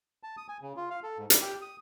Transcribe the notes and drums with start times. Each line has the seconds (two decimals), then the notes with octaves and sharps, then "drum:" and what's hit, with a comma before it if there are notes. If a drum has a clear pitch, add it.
0.23 A5
0.37 D#6
0.48 G#5
0.62 C#3
0.77 F4
0.90 F5
1.03 A4
1.18 G#2
1.30 D5, drum: hi-hat
1.42 G4
1.62 D#6